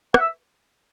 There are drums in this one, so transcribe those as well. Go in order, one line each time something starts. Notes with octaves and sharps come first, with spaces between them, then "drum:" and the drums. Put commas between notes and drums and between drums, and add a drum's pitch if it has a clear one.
F#5, drum: rim click
E5